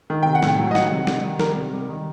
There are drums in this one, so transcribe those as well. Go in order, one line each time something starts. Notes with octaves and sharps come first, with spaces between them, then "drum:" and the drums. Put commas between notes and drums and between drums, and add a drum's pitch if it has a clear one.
D#3
C3 G5
F#5
A2, drum: snare
G5
F#3
D#5
D#3 F#5, drum: snare
C3
G3, drum: snare
D#3
G3 A#4, drum: snare
C3
G3
D#3